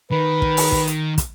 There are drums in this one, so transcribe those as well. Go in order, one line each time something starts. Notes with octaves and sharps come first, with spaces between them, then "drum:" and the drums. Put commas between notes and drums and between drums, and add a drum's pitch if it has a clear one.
D#3 B4
drum: kick
drum: open hi-hat
drum: kick
drum: hi-hat
drum: kick, hi-hat